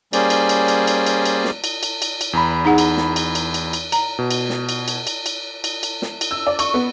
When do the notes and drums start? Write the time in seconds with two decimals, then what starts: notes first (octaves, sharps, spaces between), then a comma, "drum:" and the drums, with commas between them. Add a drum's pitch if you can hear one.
0.13 G3 A#3 C#4 G#4 C5 D5, drum: cymbal
0.30 drum: cymbal
0.49 drum: cymbal
0.68 drum: cymbal
0.87 drum: cymbal
1.06 drum: cymbal
1.26 drum: cymbal
1.45 drum: snare
1.64 drum: cymbal
1.83 drum: cymbal
2.02 drum: cymbal
2.21 drum: cymbal
2.33 E2 A#5 B5
2.65 D#4 G#4 F#5
2.78 drum: cymbal
2.97 drum: snare
3.16 drum: cymbal
3.35 drum: cymbal
3.54 drum: cymbal
3.73 drum: cymbal
3.92 A#5, drum: cymbal
4.19 B2
4.31 drum: cymbal
4.50 drum: snare
4.69 drum: cymbal
4.88 drum: cymbal
5.07 drum: cymbal
5.26 drum: cymbal
5.64 drum: cymbal
5.83 drum: cymbal
6.02 drum: snare
6.21 drum: cymbal
6.31 E6
6.47 D5
6.59 C#6, drum: cymbal
6.74 B3